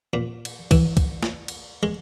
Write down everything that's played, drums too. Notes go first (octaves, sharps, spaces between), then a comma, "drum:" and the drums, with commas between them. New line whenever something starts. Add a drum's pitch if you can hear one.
A#2
drum: cymbal
E3, drum: kick, cymbal
drum: kick, cymbal
drum: snare
drum: cymbal
G#3